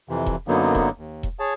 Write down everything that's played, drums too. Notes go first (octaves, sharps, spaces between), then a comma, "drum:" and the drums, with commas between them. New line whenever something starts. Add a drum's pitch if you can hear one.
F2 C3 E3
drum: kick E1
F#2 D3 F#3 A#3 B3 D#4
drum: kick E1
D#2
drum: kick E1
G#4 C#5 A5